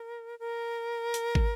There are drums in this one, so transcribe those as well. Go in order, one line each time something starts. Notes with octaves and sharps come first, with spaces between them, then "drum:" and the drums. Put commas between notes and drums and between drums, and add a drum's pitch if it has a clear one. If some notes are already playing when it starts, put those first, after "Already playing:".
Already playing: A#4
A#4
drum: hi-hat
drum: kick